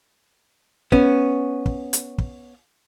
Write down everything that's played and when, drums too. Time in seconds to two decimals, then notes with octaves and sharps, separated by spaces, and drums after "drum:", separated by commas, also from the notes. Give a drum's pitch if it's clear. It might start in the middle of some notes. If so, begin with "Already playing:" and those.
0.92 B3 C#4, drum: kick
1.66 drum: kick
1.93 drum: hi-hat
2.18 drum: kick